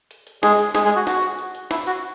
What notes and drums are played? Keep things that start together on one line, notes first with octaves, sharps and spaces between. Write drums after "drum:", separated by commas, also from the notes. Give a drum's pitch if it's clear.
drum: hi-hat
drum: hi-hat
G#3 G#4, drum: snare
drum: open hi-hat
G#3 G#4, drum: snare
G#3 G#4
F#4
F#4, drum: snare
drum: hi-hat
drum: hi-hat
drum: hi-hat
E4, drum: snare
F#4, drum: open hi-hat